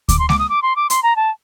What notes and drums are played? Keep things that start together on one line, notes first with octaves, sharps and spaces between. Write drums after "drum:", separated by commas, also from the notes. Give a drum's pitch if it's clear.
D6, drum: kick D2, hi-hat
C6
D6, drum: snare G#3
D#6
D6
C6
D6
C6, drum: hi-hat
A#5
A5